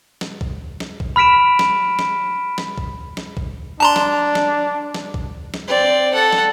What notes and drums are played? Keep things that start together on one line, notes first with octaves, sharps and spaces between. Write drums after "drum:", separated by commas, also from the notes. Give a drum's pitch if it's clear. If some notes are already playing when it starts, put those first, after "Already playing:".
drum: snare
drum: kick
drum: snare
drum: kick
B5 F6 B6 D7 E7
drum: snare
drum: snare
drum: snare
drum: kick
drum: snare
drum: kick
D4 A5 A#5 C6
drum: snare
drum: snare
drum: snare
drum: kick
drum: snare
C4 D5
A4 F#5
drum: snare